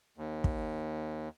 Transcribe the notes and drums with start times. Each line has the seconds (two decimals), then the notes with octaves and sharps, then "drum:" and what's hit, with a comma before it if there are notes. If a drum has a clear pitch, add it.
0.18 D#2
0.44 drum: kick